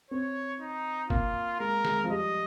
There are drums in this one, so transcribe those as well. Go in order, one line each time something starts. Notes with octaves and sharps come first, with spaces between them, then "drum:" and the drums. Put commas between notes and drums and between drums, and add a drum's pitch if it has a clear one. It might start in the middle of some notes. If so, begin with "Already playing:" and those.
C4 C#5
D#4
A#3 F4, drum: kick
G#3 A#4
G#3, drum: snare
F3
G3 D#5